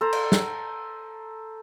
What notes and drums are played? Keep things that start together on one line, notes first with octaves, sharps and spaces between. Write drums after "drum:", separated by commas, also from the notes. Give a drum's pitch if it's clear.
A4 C5 A#5
drum: cymbal
drum: snare